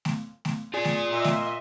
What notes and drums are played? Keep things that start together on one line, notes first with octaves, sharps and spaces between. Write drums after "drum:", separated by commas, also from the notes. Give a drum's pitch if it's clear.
drum: snare A3
drum: snare A3
F4 G#4 D5
drum: snare A3
A#2 D#5 E5 C6
drum: snare A3